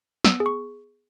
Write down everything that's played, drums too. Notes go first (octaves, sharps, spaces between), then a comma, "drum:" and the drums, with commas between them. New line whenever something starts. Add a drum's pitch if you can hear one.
B3 E6, drum: snare
G#4
C#6